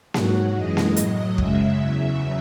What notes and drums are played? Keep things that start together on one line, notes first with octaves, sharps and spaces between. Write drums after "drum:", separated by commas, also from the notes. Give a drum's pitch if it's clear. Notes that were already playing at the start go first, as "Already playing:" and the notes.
G#2 F#3 F#4, drum: snare A#3
F#2 E3 G#3 D#5
drum: snare A#3
A2 F#3, drum: hi-hat
F#2 C#3 G#3 E5, drum: kick
E2 C#3 F#3